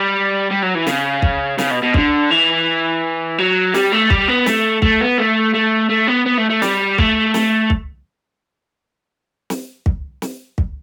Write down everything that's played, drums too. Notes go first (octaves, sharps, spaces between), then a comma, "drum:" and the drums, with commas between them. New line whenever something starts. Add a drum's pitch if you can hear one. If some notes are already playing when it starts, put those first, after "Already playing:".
Already playing: G3
G3
F#3
E3
C#3, drum: snare
drum: kick
C#3, drum: snare
B2
B2
D3, drum: kick
E3
F#3
G3, drum: snare
A3
G3, drum: kick
B3
A3, drum: snare
A3, drum: kick
B3
A3
A3
A3
B3
B3
A3
A3
G3, drum: snare
A3, drum: kick
drum: snare
drum: kick
drum: snare
drum: kick
drum: snare
drum: kick